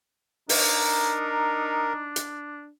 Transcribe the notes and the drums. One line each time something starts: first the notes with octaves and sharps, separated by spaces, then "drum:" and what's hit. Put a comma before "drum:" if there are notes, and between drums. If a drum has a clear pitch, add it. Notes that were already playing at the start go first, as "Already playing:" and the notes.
D4 D#4 A#4, drum: open hi-hat
drum: hi-hat